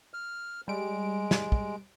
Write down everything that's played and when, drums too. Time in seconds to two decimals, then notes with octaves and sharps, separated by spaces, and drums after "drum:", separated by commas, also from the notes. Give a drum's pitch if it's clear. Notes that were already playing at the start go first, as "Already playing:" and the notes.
0.14 F6
0.68 G3 G#3 D7
1.31 drum: snare
1.52 drum: kick